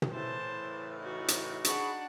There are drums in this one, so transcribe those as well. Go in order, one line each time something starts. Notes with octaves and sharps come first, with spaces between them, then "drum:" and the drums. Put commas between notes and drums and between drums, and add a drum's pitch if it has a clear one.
drum: tom
A2 C#3 E3 C5 A5
D#4 F#4
drum: hi-hat
D4 G#4 F#5 B5 C#6, drum: hi-hat